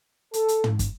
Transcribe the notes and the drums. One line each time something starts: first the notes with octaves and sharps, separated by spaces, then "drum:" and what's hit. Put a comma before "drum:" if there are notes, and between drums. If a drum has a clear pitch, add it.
A4, drum: hi-hat
drum: hi-hat
drum: tom
drum: kick, hi-hat